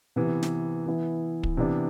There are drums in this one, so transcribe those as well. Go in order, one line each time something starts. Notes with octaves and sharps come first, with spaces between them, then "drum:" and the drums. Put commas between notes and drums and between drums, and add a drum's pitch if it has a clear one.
C3 E3 B3
drum: snare
E3 B3 E4
drum: kick
C3 E3 B3 D4